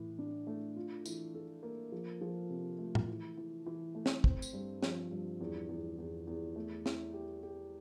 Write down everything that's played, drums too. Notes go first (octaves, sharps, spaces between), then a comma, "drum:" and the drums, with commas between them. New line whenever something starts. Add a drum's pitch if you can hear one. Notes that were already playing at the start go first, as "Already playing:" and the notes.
Already playing: A2 E3
D4
A3
F4
E3, drum: tambourine
A4
A#3
F3
F3
C3
A3
drum: tom
E3
E3
E3
A3
drum: snare
C4, drum: kick
drum: tambourine
G2
F3, drum: snare
G2
E2
E2
E2
E2
A3
E4, drum: snare
G4
G4